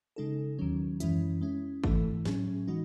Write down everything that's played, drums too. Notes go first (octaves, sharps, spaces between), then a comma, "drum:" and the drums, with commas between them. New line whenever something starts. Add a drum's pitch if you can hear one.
C#3 G#3 D#4 A4
D#2 D#3 F#3 C#4
F#2 E3 G#3 C#4 E4, drum: hi-hat
G#3 C#4 E4
G#2 E3 A3 E4 A4, drum: kick
A2 F#3 C#4 G#4, drum: snare
E3 G#3 D#4 F#4